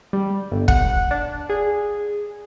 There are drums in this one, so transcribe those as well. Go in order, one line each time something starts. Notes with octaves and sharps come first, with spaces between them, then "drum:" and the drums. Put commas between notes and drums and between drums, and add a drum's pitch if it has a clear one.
G3
G1
F#5, drum: kick
D4
G#4